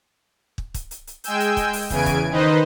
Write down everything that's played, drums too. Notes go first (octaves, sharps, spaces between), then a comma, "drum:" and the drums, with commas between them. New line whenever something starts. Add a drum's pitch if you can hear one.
drum: kick
drum: kick, hi-hat
drum: hi-hat
drum: hi-hat
G#3 G5 G#5 E6 G6, drum: hi-hat
drum: hi-hat
drum: kick, hi-hat
drum: open hi-hat
E2 C#3 E3 G#5 G#6 D7, drum: kick, hi-hat
drum: kick, hi-hat
D#3 D#4 B4 C5 D#5